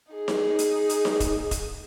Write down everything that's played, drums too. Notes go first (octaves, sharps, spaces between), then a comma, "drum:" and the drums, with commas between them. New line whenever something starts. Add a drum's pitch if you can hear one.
D#4 G#4
drum: snare D#4
drum: hi-hat
drum: hi-hat
drum: snare D#4
drum: kick E1, hi-hat
drum: kick E1, hi-hat